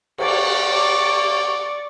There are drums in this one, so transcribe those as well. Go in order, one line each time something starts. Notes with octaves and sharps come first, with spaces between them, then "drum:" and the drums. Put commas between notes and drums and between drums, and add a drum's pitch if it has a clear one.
D5 C#6, drum: cymbal